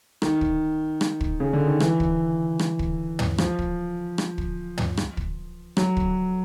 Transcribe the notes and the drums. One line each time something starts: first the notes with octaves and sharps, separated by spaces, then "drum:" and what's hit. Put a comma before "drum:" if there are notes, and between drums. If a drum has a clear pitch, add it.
D#3, drum: rim click
drum: kick
drum: rim click
drum: kick
C#3
D3
D#3
E3, drum: rim click
drum: kick
drum: rim click
drum: kick
drum: tom
F3, drum: rim click
drum: kick
drum: rim click
drum: kick
drum: tom
drum: rim click
drum: kick
F#3, drum: rim click
drum: kick